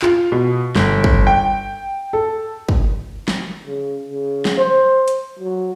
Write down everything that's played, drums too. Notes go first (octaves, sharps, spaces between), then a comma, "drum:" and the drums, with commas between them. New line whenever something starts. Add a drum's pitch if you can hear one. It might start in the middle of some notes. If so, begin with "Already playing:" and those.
F4, drum: clap
B2
G1, drum: snare
drum: kick
G5
A4
drum: kick
drum: snare
C#3
C#3
drum: snare
C5
drum: hi-hat
F#3